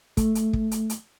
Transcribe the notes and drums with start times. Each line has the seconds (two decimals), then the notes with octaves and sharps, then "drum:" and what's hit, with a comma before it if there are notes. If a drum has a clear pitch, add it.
0.17 A3, drum: kick, hi-hat
0.35 drum: hi-hat
0.53 drum: kick
0.71 drum: hi-hat
0.90 drum: hi-hat